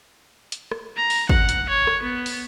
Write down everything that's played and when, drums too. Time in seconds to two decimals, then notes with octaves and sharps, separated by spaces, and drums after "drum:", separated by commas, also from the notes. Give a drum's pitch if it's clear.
0.52 drum: hi-hat
0.72 drum: rim click
0.97 A#5
1.10 drum: open hi-hat
1.29 F#5, drum: kick
1.49 drum: hi-hat
1.69 C#5
1.87 drum: rim click
2.03 B3
2.26 drum: open hi-hat